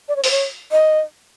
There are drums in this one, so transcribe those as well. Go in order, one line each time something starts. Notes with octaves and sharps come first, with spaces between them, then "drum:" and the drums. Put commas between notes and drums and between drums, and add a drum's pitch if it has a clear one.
D5
C#5
C5, drum: open hi-hat
C#5
D#5